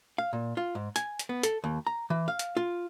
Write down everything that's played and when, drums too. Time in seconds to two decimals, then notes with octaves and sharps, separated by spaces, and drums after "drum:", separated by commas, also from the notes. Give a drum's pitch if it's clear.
0.18 F5
0.33 A#2
0.57 F4
0.75 G#2
0.96 G#5, drum: hi-hat
1.19 drum: hi-hat
1.29 B3
1.43 A4, drum: hi-hat
1.64 D#2
1.87 A#5
2.10 E3
2.28 F5
2.39 drum: hi-hat
2.57 F4